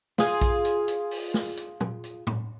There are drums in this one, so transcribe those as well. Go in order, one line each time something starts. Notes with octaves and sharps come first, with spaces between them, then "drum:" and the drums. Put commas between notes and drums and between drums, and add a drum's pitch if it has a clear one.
F4 G#4, drum: snare
drum: kick A#1, hi-hat
drum: hi-hat
drum: hi-hat
drum: open hi-hat
drum: snare
drum: hi-hat
drum: tom
drum: hi-hat
drum: tom A2